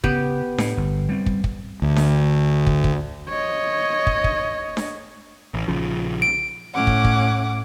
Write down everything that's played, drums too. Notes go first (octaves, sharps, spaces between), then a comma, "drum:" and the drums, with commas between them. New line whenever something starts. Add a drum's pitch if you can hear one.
C#3 B3 G4, drum: kick
A2, drum: snare D4
G1
G3 C4
drum: kick
drum: kick
D2
drum: snare D4
drum: kick
drum: kick
C#5 D#5
drum: kick
drum: kick
drum: snare D4
A1
A#1 C#3 F3
D7
A2 C#4 F#5 D6
drum: kick
drum: kick